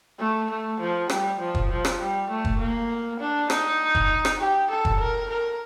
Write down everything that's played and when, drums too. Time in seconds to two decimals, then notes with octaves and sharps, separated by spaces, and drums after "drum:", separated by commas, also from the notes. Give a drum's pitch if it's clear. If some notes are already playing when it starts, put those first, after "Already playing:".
0.19 A3
0.50 A3
0.80 F3
1.10 G3, drum: rim click
1.39 F3
1.55 drum: kick
1.69 F3
1.85 drum: rim click
2.00 G3
2.29 A3
2.45 drum: kick
2.59 A#3
3.19 D4
3.50 D#4, drum: rim click
3.95 drum: kick
4.25 drum: rim click
4.40 G4
4.70 A4
4.85 drum: kick
5.00 A#4
5.30 A#4